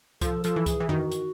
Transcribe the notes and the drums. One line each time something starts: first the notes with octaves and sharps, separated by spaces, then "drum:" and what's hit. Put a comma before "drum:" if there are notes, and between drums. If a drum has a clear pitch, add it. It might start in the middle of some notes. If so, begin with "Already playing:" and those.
F3 A4, drum: kick C2, hi-hat
F3 A4, drum: hi-hat
E3
G#4, drum: kick C2, hi-hat
E3
D#3 F#4, drum: tom F2
drum: hi-hat